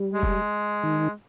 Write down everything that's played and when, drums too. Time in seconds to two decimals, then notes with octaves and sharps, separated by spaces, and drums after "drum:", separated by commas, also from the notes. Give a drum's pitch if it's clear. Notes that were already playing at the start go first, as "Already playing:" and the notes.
Already playing: G3
0.13 G#3
0.23 drum: kick
0.83 D#3